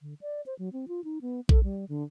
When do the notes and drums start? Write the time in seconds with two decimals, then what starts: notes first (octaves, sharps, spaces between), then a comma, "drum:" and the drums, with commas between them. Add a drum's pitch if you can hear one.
0.01 D3
0.21 D5
0.46 C5
0.59 F#3
0.73 C4
0.88 F4
1.04 D#4
1.22 B3
1.49 A4, drum: kick A#1
1.64 G3
1.89 D3